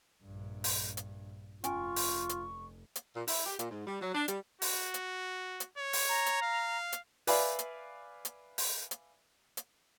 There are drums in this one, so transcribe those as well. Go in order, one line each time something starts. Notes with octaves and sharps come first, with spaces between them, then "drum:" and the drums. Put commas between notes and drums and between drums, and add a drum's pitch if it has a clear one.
A#1 G2
drum: open hi-hat
drum: hi-hat
F1 C#4 F4 G#5 C#6, drum: hi-hat
drum: open hi-hat
drum: hi-hat
drum: hi-hat
A#2
E4, drum: open hi-hat
G4
A#2, drum: hi-hat
G#2
G3
F#3
D4
G3, drum: hi-hat
F#4, drum: open hi-hat
drum: hi-hat
drum: hi-hat
C#5
drum: open hi-hat
A#5
drum: hi-hat
F5
drum: hi-hat
B4 D5 E5 F5 G#5 B5, drum: open hi-hat
drum: hi-hat
drum: hi-hat
drum: open hi-hat
drum: hi-hat
drum: hi-hat